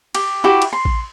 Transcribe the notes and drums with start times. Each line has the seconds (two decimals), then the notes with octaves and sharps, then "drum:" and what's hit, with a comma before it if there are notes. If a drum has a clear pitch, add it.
0.15 G4, drum: cymbal
0.44 E4 F#4 G4
0.62 drum: cymbal
0.73 C6
0.85 drum: kick A1